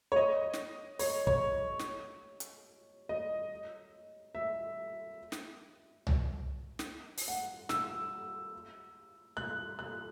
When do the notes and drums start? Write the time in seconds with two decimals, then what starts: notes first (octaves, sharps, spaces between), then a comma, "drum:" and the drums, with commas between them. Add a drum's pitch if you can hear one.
0.12 C#5
0.16 D#5
0.53 drum: snare
0.99 C#5, drum: open hi-hat
1.27 C#5, drum: kick
1.79 drum: snare
2.40 drum: hi-hat
3.09 D#5
4.35 E5
5.32 drum: snare
6.07 drum: tom C2
6.79 drum: snare
7.18 drum: open hi-hat
7.28 F#5
7.69 E6, drum: snare
9.37 F#6
9.79 F#6